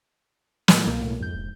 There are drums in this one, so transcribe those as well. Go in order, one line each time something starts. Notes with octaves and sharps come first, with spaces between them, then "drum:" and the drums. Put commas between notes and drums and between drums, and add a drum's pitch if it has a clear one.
A2, drum: snare
C2 B2 A#3
A2
F2 G#2 G6
E1